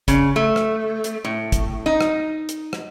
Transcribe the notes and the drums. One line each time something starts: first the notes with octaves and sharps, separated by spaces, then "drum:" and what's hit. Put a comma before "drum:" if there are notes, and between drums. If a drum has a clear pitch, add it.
C#3, drum: kick, hi-hat
A3
drum: rim click
drum: hi-hat
A2
drum: kick, hi-hat
D#4
drum: rim click
drum: hi-hat
drum: rim click